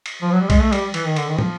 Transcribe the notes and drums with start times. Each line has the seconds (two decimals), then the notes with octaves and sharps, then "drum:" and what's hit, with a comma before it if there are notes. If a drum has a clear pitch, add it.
0.06 drum: cymbal
0.22 F3
0.32 F#3
0.41 G3
0.50 G#3, drum: kick B1, cymbal
0.61 A3
0.73 G3, drum: cymbal
0.94 E3, drum: cymbal
1.06 D#3
1.16 D3, drum: cymbal
1.28 D#3
1.39 F3, drum: tom